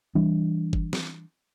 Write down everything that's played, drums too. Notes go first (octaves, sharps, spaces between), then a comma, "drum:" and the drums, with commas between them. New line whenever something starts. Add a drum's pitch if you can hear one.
E3 G3 D4
drum: kick F#1
drum: snare